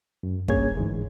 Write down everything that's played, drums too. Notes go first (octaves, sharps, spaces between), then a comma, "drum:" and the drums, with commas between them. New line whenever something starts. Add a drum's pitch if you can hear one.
F#2
G2 A#3 C#4 G#4 C#5 G#6, drum: kick
D2 G#2 E3 G#3